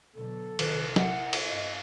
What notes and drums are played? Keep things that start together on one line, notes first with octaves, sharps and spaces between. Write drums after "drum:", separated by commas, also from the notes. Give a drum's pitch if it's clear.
B2 D3 F#3 A4
A#1 C3 D#3 B4, drum: cymbal
E4 A#4 E5 F#5, drum: snare
drum: cymbal
G2 D#5 F5